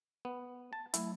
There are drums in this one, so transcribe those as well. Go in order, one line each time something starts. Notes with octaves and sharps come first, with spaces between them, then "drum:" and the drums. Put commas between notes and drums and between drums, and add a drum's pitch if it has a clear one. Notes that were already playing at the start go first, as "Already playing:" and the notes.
B3
A5
F#3 A3 E4, drum: hi-hat